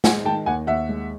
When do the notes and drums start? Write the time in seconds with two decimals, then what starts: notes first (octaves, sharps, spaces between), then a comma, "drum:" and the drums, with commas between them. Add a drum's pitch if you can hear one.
0.04 G#3 F#5 G#5, drum: snare
0.25 D#3 G5 A5
0.46 D#2 F#5 G#5
0.67 D#2 E5 F#5
0.89 G#3